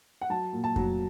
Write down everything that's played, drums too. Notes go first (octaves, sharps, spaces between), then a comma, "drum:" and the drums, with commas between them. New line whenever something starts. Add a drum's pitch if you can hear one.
F#5
F#3 A5
A#2
A5
F#3, drum: kick F2